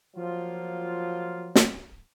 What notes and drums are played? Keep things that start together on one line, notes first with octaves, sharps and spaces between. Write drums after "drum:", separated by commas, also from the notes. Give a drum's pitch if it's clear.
F3 F#3 A#3 F4
drum: snare